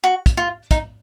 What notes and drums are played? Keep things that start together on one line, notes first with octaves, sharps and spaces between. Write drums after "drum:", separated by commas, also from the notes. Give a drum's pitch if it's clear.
F#4
drum: kick, hi-hat
F4
D#4, drum: kick, hi-hat